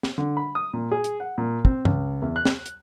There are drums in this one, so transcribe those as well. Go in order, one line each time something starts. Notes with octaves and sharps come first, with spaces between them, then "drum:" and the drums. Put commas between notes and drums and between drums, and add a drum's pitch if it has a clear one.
drum: snare
D3
B5
D#6
A#2
G#4
drum: hi-hat
F#5
A#2
C4, drum: kick
C#2, drum: tom G2
E2
F#6
drum: snare
drum: hi-hat